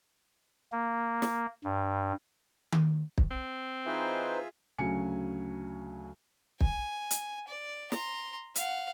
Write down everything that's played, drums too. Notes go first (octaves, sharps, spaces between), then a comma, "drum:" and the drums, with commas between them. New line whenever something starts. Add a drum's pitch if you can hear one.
A#3
drum: snare
G2
drum: tom D#3
drum: kick
C4
E3 D#4 F4 G#4 B4 C5 E5
D2 C#3 F#3 G#5 C#7
G#5, drum: kick
drum: hi-hat
D5
A#5 C6, drum: snare
F5 F#5, drum: hi-hat